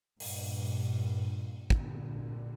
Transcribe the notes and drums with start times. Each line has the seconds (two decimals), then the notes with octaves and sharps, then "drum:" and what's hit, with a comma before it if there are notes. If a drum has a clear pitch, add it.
0.20 G2 A#2, drum: open hi-hat
1.70 A#2 D3, drum: kick